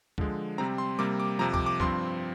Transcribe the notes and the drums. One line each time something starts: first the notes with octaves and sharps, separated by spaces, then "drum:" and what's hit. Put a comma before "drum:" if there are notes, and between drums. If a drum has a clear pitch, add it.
D3 F3 G#3, drum: kick
C3 G3 C4 A#5
C6
C3 G3 A#3 D6
D6
F2 C3 F3 A#5
D6, drum: kick
D6
G2 F3 C4 C6, drum: kick